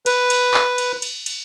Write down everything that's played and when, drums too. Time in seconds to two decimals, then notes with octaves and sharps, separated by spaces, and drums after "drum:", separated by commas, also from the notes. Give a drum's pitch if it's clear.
0.06 B4, drum: cymbal
0.30 drum: cymbal
0.54 drum: clap
0.78 drum: cymbal
1.02 drum: cymbal
1.26 drum: cymbal